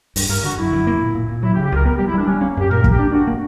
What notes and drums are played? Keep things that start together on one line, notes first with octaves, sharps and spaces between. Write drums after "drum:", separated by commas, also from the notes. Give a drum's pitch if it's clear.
G2, drum: open hi-hat
G2 A#4
D3 F#4
F#2 E4
F#2
A#3
A#2
A#2
A#2
F#3 E4
G4
C#3
G4
C#2 A#4
B3 A#4
G4
G3
E4
G3 D4
G3 C#4
A#3
C#4
A#3
F#2 G4
A#2 A#4
A#3, drum: kick
G4
D4
D4 F#4
A#3